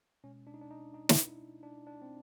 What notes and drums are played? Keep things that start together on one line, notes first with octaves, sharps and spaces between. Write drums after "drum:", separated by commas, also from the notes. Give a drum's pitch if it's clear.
B2 G#3 C#4
D4
D#4
D4
D#4
D#4
drum: snare
E4
D4
D4
C4